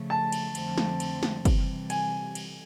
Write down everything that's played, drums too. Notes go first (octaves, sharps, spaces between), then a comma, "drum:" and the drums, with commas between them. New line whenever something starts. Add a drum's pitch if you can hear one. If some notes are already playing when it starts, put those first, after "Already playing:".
Already playing: C#3 F3 A3
A5
drum: cymbal
F2 D3 F3 A3 C4, drum: cymbal
drum: snare
drum: cymbal
drum: snare
C3 E3 G3, drum: kick, cymbal
G#5, drum: cymbal
drum: cymbal